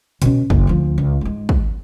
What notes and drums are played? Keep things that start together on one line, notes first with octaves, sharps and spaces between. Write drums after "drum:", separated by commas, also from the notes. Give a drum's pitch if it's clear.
B2 C#4, drum: hi-hat
F#1, drum: kick
D2 F3
C#2
G#2 G#3
drum: kick